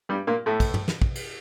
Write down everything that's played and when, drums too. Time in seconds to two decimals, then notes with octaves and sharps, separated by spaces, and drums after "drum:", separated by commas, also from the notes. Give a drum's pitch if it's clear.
0.09 G2 G3
0.27 A#2 A#3
0.46 A2 A3
0.60 drum: kick, cymbal
0.74 drum: tom
0.88 drum: snare
1.02 drum: kick
1.15 drum: cymbal